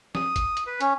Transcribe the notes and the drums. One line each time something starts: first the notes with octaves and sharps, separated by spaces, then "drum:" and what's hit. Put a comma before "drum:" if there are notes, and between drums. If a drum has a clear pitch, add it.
D#6, drum: snare
drum: kick, hi-hat
drum: hi-hat
B4
C#4, drum: hi-hat